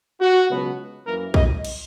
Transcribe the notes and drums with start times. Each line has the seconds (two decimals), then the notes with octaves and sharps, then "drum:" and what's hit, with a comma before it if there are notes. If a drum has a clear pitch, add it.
0.20 F#4
0.49 C#2 B2 F#3 B3
1.06 F#2 E3 A#3 A#4
1.34 D#5, drum: kick
1.65 drum: cymbal